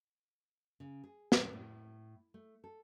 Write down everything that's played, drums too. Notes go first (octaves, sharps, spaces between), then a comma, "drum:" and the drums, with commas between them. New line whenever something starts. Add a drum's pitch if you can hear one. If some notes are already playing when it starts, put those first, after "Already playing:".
C#3
G#4
A#4, drum: snare
A2
A3
A4